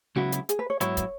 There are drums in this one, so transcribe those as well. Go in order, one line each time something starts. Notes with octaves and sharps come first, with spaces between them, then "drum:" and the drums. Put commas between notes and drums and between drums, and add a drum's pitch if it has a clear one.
C#2 C#3 F#3 B3 E4 F#4
drum: hi-hat
G#4, drum: hi-hat
B4
C#5
G#2 F#3 B3 E4 C#5, drum: hi-hat
drum: kick, hi-hat